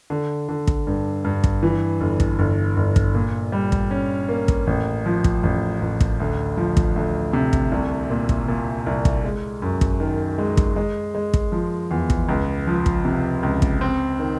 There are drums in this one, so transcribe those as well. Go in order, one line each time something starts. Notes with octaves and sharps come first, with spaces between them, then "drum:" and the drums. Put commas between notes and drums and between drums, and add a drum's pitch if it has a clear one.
D3
D3
drum: kick
G2
G2
drum: kick
E3
G1
drum: kick
G1
G1
drum: kick
A#2
G3
drum: kick
C#4
A#3
drum: kick
A1
F3
drum: kick
A1
A1
drum: kick
D2
F3
drum: kick
D2
C3
drum: kick
C2
A#2
drum: kick
A#2
C2
drum: kick
G#3
F#2
drum: kick
D#3
G#3
drum: kick
G#3
G#3
drum: kick
F3
E2
drum: kick
C#2
F3
drum: kick
C3
C#2
drum: kick
C4
D#3